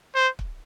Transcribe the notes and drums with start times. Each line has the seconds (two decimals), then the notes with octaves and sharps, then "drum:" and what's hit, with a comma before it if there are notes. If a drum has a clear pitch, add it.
0.15 C5
0.39 drum: kick